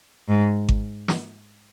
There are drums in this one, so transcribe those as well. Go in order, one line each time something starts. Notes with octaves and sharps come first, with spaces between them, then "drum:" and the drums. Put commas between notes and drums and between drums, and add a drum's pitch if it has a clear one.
G#2
drum: kick G#1
drum: snare